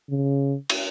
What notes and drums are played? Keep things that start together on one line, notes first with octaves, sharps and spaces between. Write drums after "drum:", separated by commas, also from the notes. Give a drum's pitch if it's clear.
C#3
drum: cymbal